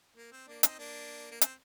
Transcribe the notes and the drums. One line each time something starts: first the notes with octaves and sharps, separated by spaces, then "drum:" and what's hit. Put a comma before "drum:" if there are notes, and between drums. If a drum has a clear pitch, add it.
A#3
C4
A#3 D4
C4 D#4, drum: hi-hat
A#3 D4
A#3
C4, drum: hi-hat